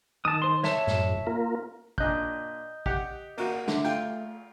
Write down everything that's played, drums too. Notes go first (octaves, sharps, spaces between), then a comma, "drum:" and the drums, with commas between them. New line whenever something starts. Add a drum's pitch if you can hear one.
D#3 A5 D#6
C5 C6
C#5 E5 A5, drum: snare
F#2 A2, drum: snare
A#3 F4 A#4
A#2 D4 D#5 F#6 G6, drum: kick
G4 F#5, drum: kick
A#3 F#4, drum: cymbal
D3 A3, drum: snare
F4 G5, drum: hi-hat